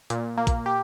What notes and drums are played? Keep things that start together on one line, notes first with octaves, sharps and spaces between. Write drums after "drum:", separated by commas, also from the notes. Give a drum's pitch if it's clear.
A#2, drum: hi-hat
A#3
drum: kick, hi-hat
G4